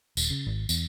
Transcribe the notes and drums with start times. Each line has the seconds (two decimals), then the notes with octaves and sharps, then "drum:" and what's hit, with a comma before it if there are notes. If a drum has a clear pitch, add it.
0.17 D#1, drum: tambourine
0.30 C#3
0.46 G#1
0.69 E2, drum: tambourine